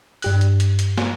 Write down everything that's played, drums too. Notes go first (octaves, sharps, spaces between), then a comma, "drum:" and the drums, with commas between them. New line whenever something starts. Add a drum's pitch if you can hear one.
G2 G4 F#6, drum: open hi-hat
drum: hi-hat
drum: hi-hat
drum: hi-hat
drum: snare